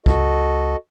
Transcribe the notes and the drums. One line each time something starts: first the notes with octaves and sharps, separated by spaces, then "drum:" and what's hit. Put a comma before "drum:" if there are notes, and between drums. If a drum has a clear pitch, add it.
C#2 F#4 A4 D#5, drum: kick